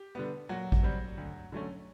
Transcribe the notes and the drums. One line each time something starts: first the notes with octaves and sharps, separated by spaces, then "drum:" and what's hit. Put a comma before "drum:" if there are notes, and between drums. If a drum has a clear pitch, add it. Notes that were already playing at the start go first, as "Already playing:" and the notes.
Already playing: G4
D3 G3 B3
A#2 F#3 F#4
drum: kick A1
G3 C4
D2
D3 F#3 A3 C#4